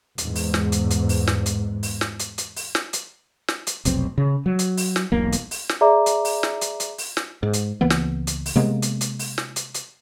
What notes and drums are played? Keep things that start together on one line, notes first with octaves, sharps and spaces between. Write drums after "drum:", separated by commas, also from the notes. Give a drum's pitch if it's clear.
E2 G#2, drum: hi-hat
drum: open hi-hat
drum: snare
drum: hi-hat
drum: hi-hat
drum: open hi-hat
drum: snare
drum: hi-hat
drum: open hi-hat
drum: snare
drum: hi-hat
drum: hi-hat
drum: open hi-hat
drum: snare
drum: hi-hat
drum: snare
drum: hi-hat
F1 B1 C4, drum: hi-hat
C#3
F#3
drum: hi-hat
drum: open hi-hat
drum: snare
E1 B1 A#3
drum: hi-hat
drum: open hi-hat
drum: snare
G#4 D5 E5 A#5 D6
drum: hi-hat
drum: open hi-hat
drum: snare
drum: hi-hat
drum: hi-hat
drum: open hi-hat
drum: snare
G#2
drum: hi-hat
C#2 E3 A#3 B3
drum: snare
drum: hi-hat
drum: open hi-hat
C3 G#3 A#3 B3
drum: hi-hat
drum: hi-hat
drum: open hi-hat
drum: snare
drum: hi-hat
drum: hi-hat